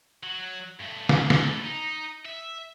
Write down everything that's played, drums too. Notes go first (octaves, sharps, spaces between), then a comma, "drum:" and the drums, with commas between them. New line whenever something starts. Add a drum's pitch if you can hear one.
F#3
G2 A3
drum: snare
G3 A4, drum: snare
D#4
E5